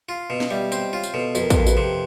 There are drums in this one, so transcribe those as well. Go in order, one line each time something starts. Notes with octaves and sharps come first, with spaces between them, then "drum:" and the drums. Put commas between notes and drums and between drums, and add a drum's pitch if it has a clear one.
F4
B2 F5
drum: snare
G3 E5
C4 D#5, drum: tambourine
F4 C#5
drum: tambourine
B2 A4
F2 B4, drum: tambourine
A#4
A4, drum: kick, tambourine
F2 A#4
B4, drum: tambourine
C3